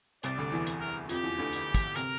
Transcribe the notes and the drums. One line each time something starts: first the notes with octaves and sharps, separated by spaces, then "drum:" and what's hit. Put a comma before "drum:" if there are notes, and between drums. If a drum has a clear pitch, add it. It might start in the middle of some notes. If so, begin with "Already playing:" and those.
C2 C3 D5, drum: hi-hat
D2 D3
E2 E3
drum: hi-hat
A#4
F2 F3 G4, drum: hi-hat
E2 E3
D2 D3
drum: hi-hat
drum: kick, hi-hat
C3 A#4, drum: hi-hat